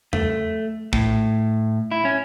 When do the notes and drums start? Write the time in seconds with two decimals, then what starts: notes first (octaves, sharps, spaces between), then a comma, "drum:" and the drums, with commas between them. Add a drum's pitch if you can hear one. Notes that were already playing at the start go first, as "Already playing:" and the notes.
0.13 A3, drum: tom E2
0.93 A2, drum: kick
1.91 E4
2.05 C#4